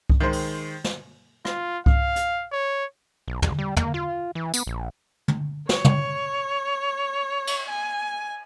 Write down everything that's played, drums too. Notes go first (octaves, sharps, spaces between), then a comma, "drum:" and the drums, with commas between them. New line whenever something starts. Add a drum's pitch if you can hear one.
drum: kick C2
D#3 G#3 C5
drum: open hi-hat
drum: snare
F4, drum: rim click
F5, drum: kick C2
drum: hi-hat
C#5
B1
B1, drum: tom
G3
A#3, drum: tom
F4
E3
B3, drum: tambourine
A#1
drum: tom
C#5, drum: snare
drum: tom
drum: cymbal
G#5